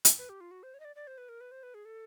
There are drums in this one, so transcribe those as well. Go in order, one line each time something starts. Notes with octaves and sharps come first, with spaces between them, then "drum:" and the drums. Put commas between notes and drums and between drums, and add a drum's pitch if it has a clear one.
drum: hi-hat
B4
G4
F4
F#4
C5
C#5
D#5
D5
D5
C5
B4
A#4
B4
C5
B4
G#4
A4